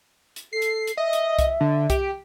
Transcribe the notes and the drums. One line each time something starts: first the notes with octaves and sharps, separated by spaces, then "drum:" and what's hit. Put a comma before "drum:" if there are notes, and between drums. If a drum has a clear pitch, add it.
drum: hi-hat
A4 C7
drum: hi-hat
drum: hi-hat
D#5 E5
drum: hi-hat
drum: kick C2, hi-hat
D3
G4, drum: kick C2, hi-hat